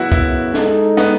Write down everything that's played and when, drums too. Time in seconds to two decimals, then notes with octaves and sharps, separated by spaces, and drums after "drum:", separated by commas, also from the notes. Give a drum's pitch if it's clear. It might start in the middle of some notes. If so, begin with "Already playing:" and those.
Already playing: F#2 C#3 F#3 B3 E4 F#4
0.12 E4, drum: kick
0.54 G#3 D#4 A4, drum: snare
0.97 B3, drum: snare